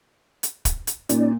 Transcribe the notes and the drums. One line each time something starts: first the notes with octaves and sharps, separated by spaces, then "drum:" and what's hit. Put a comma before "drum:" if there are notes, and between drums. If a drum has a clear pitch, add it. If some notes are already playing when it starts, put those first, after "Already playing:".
drum: hi-hat
drum: kick, hi-hat
drum: hi-hat
A#2 C#4 D#4 D5, drum: hi-hat